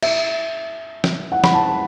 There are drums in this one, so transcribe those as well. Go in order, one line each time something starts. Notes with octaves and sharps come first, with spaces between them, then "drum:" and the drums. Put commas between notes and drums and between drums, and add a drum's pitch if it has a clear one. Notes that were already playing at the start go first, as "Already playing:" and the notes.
E5, drum: cymbal
drum: snare
F#5
B5, drum: snare
A5